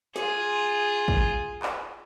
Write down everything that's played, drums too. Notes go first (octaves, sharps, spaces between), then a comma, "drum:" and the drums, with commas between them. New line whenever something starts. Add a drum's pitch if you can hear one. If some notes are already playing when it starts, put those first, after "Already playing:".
F4 G#4, drum: snare
drum: kick
drum: clap